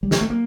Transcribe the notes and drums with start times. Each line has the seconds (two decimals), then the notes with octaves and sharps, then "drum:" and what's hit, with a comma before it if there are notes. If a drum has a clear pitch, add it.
0.03 G3
0.11 G#3, drum: snare
0.21 A3
0.30 A#3